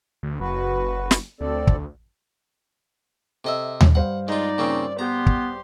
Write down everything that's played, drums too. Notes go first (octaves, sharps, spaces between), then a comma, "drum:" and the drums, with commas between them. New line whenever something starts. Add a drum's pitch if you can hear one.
D2
F#1 F#4 B4
drum: snare
D2 C4 A4 D5
drum: kick
C3 A4 D#5 E5
drum: tom D#2
G2 C5 F5 F#5
G#3 D#4 F4 D5
A#2 C#3 C4
B3 G4 A#5 C6
drum: kick